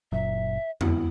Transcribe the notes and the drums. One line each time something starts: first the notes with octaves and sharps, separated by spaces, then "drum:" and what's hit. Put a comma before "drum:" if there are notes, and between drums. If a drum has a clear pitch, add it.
F#1 A#2 F#3 E5
E2 B3 E4, drum: tom F2